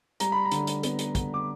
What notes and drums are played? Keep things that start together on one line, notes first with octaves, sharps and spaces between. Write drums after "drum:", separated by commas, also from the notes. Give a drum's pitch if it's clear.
G3 A#5, drum: hi-hat
B5
A#5
D3, drum: hi-hat
drum: hi-hat
B3, drum: hi-hat
drum: hi-hat
D3, drum: kick, hi-hat
D6